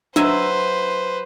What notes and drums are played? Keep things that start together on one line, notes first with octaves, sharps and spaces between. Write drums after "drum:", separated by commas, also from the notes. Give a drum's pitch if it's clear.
F#3 B4 C5 E5 G#5, drum: tom D4